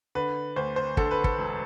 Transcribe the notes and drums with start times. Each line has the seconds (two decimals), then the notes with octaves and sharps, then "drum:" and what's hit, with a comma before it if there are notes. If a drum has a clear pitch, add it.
0.15 D3 B4
0.56 D2 C5
0.76 C5
0.97 D3 A4, drum: kick
1.11 B4
1.24 A4, drum: kick
1.38 E1